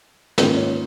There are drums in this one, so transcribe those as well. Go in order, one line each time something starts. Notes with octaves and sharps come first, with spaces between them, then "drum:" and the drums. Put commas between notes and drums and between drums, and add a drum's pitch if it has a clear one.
G#2 D#3 A#3 C#4 F4 B4, drum: snare
C#5